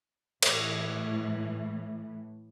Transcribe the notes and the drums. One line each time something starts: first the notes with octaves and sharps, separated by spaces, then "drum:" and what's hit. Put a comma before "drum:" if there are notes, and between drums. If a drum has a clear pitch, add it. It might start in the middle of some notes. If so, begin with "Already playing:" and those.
A2 E3, drum: cymbal